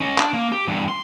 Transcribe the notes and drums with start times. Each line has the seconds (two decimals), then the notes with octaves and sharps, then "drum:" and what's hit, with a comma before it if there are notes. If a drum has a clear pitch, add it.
0.01 C#4 D#5
0.18 D4, drum: clap
0.34 A#3
0.52 G4
0.67 E2 G2
0.88 C6